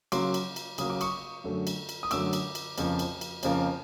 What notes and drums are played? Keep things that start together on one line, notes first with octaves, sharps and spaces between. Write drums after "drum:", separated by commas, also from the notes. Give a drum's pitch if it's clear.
C#3 F#3 A#3 C6 D6, drum: cymbal
drum: cymbal
drum: cymbal
C#3 F#3 A#3 D#6, drum: cymbal
D6
C#6 D#6, drum: cymbal
F#2 D3 F#3 A3
drum: cymbal
drum: cymbal
D#6
F#2 D3 F#3 A3 D6 E6, drum: cymbal
drum: cymbal
drum: cymbal
F2 C#3 F3 A#3, drum: cymbal
drum: cymbal
drum: cymbal
F2 C#3 F3 A#3, drum: cymbal